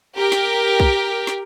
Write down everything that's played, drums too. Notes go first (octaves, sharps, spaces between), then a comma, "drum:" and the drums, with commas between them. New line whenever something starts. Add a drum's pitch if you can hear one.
G4 A#4
drum: snare
drum: kick
drum: snare